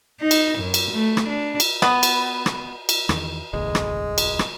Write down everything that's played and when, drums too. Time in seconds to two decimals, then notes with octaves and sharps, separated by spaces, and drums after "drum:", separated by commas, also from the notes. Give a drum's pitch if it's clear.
0.20 D#4
0.31 drum: cymbal
0.59 F#2
0.74 drum: cymbal
0.92 A3
1.17 drum: rim click
1.28 D4
1.60 drum: cymbal
1.82 B3, drum: rim click
2.03 drum: cymbal
2.46 drum: rim click
2.89 drum: cymbal
3.09 E2 D#3, drum: rim click
3.53 E1 A1 D2 G#3
3.75 drum: rim click
4.18 drum: cymbal
4.39 drum: rim click